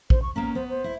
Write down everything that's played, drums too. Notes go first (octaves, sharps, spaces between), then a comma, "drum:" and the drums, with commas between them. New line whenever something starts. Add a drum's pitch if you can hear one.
C5, drum: kick
C#6
A#3 B3 C#4 A#5
B3 C5
C5
E4